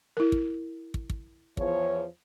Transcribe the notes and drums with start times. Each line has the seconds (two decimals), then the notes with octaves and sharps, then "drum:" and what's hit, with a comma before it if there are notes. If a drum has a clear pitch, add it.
0.17 E4 A#4
0.32 drum: kick
0.94 drum: kick
1.10 drum: kick
1.57 E2 F3 C#5, drum: kick